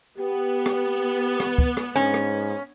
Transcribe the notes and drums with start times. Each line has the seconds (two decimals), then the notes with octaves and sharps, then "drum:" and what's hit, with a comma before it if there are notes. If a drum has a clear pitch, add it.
0.19 B3 G4
0.66 drum: rim click
1.40 drum: rim click
1.58 drum: kick
1.77 drum: rim click
1.95 G#2 C#4
2.14 drum: rim click